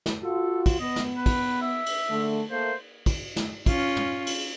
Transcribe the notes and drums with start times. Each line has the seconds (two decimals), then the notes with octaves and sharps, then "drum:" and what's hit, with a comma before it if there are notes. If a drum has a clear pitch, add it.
0.06 drum: snare
0.22 F4 F#4 A4
0.66 drum: kick, cymbal
0.80 B3 D#5
0.96 drum: snare
1.17 B4
1.26 drum: kick, cymbal
1.62 E5
1.86 drum: cymbal
2.09 D3 A3
2.51 A3 A#3 C5
3.06 drum: kick, cymbal
3.36 drum: snare
3.66 C#4 F4, drum: kick, cymbal
3.96 drum: tom
4.26 drum: cymbal